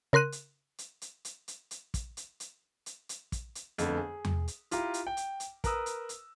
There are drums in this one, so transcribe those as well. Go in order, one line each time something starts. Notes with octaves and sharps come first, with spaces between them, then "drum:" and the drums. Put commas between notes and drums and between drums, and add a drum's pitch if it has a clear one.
C#3 A#4 C6 F#6 D#7
drum: hi-hat
drum: hi-hat
drum: hi-hat
drum: hi-hat
drum: hi-hat
drum: hi-hat
drum: kick, hi-hat
drum: hi-hat
drum: hi-hat
drum: hi-hat
drum: hi-hat
drum: kick, hi-hat
drum: hi-hat
F2 D3 A3 B3, drum: hi-hat
G#4
drum: tom E2
drum: hi-hat
E4 F4 G4 A#5, drum: hi-hat
drum: hi-hat
G5
drum: hi-hat
drum: hi-hat
A#4 B4 A#5 D#6 E6, drum: kick, hi-hat
drum: hi-hat
drum: hi-hat